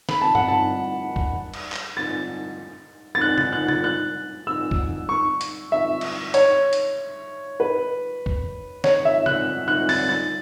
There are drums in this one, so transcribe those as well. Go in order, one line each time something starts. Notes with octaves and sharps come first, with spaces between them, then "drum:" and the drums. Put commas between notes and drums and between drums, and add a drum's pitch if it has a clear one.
B5, drum: snare
A5
F#5, drum: tom G2
A5
drum: kick G1
drum: cymbal
drum: clap
A6
A6
F#6
A6, drum: tom C3
F#6
A6, drum: tom C3
F#6
E6
drum: kick G1
C#6
drum: hi-hat
E5
drum: cymbal
C#5, drum: hi-hat
drum: hi-hat
B4
drum: kick G1
C#5, drum: snare
E5
F#6, drum: tom C3
F#6
A6, drum: open hi-hat
A6